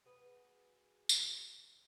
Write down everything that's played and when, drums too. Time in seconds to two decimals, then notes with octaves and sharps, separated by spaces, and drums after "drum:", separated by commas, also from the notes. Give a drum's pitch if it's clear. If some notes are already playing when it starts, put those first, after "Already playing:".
0.05 F#4 G#4 B4
1.09 drum: tambourine